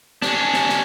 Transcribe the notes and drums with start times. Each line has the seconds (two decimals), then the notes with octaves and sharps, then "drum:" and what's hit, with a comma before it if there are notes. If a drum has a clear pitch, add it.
0.22 C#4 D4, drum: snare
0.54 drum: snare
0.69 drum: snare